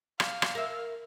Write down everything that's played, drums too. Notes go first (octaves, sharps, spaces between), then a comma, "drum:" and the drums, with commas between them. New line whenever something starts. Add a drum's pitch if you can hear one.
F5, drum: rim click
drum: rim click
A#4 E5